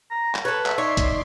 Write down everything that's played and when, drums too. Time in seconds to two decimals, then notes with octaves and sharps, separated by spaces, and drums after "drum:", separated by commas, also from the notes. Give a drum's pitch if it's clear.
0.11 A#5
0.35 drum: clap
0.45 A4 B4 C#5
0.66 E5, drum: clap
0.78 D#4 C#5 D5 C6
0.97 drum: kick, hi-hat